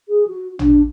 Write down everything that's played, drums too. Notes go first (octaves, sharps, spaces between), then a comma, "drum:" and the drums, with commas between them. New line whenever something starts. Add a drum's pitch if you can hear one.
G#4
F#4
D4, drum: tom